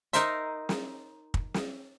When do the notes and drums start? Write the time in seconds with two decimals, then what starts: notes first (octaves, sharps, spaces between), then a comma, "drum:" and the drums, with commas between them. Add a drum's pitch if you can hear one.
0.13 D#4 A#4 C5 E5, drum: hi-hat
0.69 drum: snare
1.34 drum: kick
1.54 drum: snare